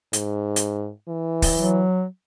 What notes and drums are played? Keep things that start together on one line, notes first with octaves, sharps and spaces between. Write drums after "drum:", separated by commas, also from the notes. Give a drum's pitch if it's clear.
G#2, drum: hi-hat
drum: hi-hat
E3
drum: kick, open hi-hat
F#3